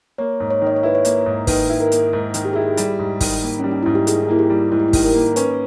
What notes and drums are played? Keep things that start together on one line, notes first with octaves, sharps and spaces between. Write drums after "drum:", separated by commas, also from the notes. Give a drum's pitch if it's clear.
A#3 C#5
G#2
C#5
D#3
D#5
C#5
E4 B4
C#5
A#3, drum: hi-hat
G#2
D#3 B4, drum: kick, open hi-hat
E4
A#4
A#3, drum: hi-hat
G#2
D#3, drum: hi-hat
G4
E4 G#4
G4
G3, drum: hi-hat
G#2
D#3, drum: kick, open hi-hat
A#3
G3 C#4
D#4
G#2 E4
G4
D#3 G#4, drum: hi-hat
D#4
A#3 E4
G4
G3
G#2 E4
G4
E4
D#3, drum: kick, open hi-hat
A#4
A#3
C#4 B4, drum: hi-hat